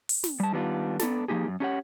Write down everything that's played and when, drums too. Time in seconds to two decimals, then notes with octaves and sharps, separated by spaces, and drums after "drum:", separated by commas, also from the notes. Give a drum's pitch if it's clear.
0.09 drum: open hi-hat
0.24 drum: snare
0.40 G3 A5
0.52 D#3 G3 B3 D4 F4
0.99 B3 D4 A4, drum: snare
1.28 F3 A#3 D#4 G4 G#4
1.48 F#2
1.60 C#4 D4 G4 A4 C#5 F#5